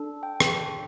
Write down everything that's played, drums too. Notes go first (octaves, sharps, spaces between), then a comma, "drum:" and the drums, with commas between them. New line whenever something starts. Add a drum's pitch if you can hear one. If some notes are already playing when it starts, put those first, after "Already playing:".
Already playing: D4 A4
G5
drum: rim click